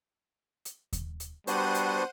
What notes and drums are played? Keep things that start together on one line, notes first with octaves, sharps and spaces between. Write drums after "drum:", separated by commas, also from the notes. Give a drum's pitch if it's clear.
drum: hi-hat
drum: kick D#2, hi-hat
drum: hi-hat
G3 B3 D4 F#4 C5 F#5 D#7, drum: hi-hat
drum: hi-hat